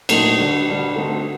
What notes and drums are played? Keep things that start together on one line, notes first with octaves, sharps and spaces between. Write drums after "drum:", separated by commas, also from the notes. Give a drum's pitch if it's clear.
A#2 F#3 A3 D#4, drum: cymbal
D3 G3 D4 F#4
D3 G3 D4 F#4
D3 A3 C4 D#4 F#4